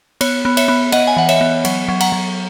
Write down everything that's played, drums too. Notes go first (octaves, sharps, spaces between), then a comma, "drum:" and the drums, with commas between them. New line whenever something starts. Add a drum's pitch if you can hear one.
B3 C#5, drum: cymbal
B3
C#5 E5, drum: cymbal
B3
B3 D#5 F#5, drum: cymbal
G#5
E3 F#5
C#5 E5, drum: cymbal
B3
F#3, drum: cymbal
F#3
F#5 A#5, drum: cymbal
F#3